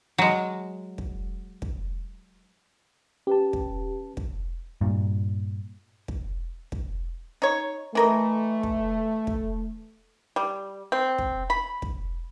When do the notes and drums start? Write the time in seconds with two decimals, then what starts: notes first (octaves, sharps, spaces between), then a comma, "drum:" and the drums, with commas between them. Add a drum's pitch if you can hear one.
0.18 F#3 G#3
0.98 drum: kick
1.62 drum: kick
3.27 C#4 G4 B4 A5
3.53 drum: kick
4.17 drum: kick
4.81 G2 A#2
6.08 drum: kick
6.72 drum: kick
7.42 D#4 C#5
7.95 E3 A3 A#4 D#5
8.63 drum: kick
9.27 drum: kick
10.36 G3
10.92 C4
11.18 drum: kick
11.50 B5
11.82 drum: kick